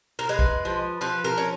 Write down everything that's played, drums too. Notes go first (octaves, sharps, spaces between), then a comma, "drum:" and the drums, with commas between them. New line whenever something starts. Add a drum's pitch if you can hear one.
A#4
G#3 B4
drum: kick
F3
F3 B4
A#4
C#4